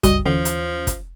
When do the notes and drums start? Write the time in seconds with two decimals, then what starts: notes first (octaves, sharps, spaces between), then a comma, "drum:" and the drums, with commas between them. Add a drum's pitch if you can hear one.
0.03 G1 C#2 G2 G3 F#4 D#5, drum: kick, hi-hat
0.26 D#2 D3 E3 F3 C#4
0.45 drum: hi-hat
0.87 drum: kick, hi-hat